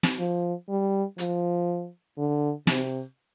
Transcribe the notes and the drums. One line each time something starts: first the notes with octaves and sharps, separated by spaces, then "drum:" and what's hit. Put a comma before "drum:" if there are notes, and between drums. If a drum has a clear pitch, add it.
drum: snare
F3
G3
F3, drum: hi-hat
D3
C3, drum: snare